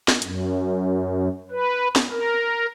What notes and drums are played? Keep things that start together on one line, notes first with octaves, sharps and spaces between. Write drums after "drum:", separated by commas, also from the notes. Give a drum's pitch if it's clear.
drum: snare
F#2, drum: hi-hat
B4
drum: snare
A#4